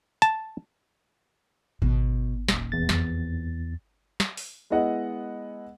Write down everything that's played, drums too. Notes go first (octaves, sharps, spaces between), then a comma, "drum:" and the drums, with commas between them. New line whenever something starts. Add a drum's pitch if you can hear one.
A5, drum: hi-hat
B2, drum: kick G#1
D#1, drum: snare
E2 A6
F2, drum: snare
drum: snare
drum: open hi-hat
G#3 B3 E4 D#5 F#5